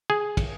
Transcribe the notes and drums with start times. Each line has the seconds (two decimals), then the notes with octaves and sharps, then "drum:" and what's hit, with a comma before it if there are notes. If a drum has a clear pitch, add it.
0.10 G#4
0.37 drum: kick, cymbal